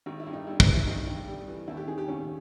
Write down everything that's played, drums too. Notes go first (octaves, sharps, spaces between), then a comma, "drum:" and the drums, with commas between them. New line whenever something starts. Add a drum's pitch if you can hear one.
G#1
E4
G2
D#4
G3 E4
E4, drum: kick
E3
E4
G#1 D#4
G2
G3
E3
D#2 E4
G4
D#3 G#4
G4
D#2 C#4